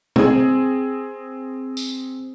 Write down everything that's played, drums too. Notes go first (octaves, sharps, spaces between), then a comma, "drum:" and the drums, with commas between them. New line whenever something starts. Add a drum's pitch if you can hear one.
C4 G#4, drum: tom
drum: tambourine